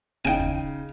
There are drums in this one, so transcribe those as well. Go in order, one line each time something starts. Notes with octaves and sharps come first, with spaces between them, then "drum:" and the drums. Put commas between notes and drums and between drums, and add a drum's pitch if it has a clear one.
C#3 D#4 G5 G#5
drum: kick